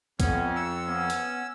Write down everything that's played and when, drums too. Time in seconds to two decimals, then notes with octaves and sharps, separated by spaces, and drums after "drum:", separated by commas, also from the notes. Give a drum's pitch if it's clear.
0.20 F2 B3 C#4, drum: kick C2, hi-hat
0.56 E6 C#7
0.88 B3 C#4
1.10 drum: hi-hat